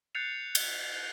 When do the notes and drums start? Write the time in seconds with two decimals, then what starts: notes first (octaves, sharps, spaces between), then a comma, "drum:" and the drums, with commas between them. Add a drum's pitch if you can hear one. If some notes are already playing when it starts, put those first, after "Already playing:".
0.15 F#6 G6 A6 C7 C#7 F7
0.55 drum: cymbal